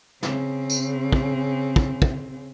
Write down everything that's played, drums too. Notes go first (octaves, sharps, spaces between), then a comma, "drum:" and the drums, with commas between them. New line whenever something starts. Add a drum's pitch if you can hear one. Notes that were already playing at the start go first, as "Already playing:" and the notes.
C#3 C4, drum: snare
drum: tambourine
drum: kick
drum: kick
drum: kick